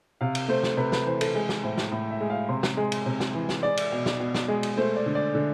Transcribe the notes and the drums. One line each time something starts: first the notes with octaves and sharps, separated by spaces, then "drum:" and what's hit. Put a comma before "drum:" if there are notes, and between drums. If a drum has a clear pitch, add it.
C3 F5
drum: cymbal
A3 C5
drum: snare
C3 B4
B4, drum: snare
E3 C5
A4, drum: cymbal
G#3
drum: snare
A2 C5
drum: snare
A2
E5
G#3
F5
C3 C6
drum: snare
G#3
drum: cymbal
C3
drum: snare
E3
drum: snare
G#3 D5
drum: cymbal
B2
drum: snare
B2
drum: snare
G#3
drum: cymbal
A3 C5
D5
D3
D5
D3